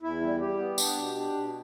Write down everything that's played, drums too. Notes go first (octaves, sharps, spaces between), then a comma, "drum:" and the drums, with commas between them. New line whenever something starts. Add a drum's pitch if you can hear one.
E2 E4
G3
G3 G4
B3
D4, drum: tambourine
B2
D4
B2